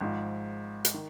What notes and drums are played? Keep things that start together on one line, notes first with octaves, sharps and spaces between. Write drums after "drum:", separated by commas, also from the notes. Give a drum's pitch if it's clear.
G#1 G#2 F3
drum: hi-hat
D#3